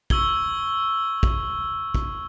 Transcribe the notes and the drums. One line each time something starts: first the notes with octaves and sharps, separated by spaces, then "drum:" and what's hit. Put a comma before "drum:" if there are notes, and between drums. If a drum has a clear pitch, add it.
C#6 E6 G#6 G7, drum: kick
drum: kick
drum: kick